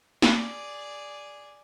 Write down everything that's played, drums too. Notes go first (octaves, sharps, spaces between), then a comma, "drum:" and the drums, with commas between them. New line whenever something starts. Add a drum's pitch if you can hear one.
G#4 D5, drum: snare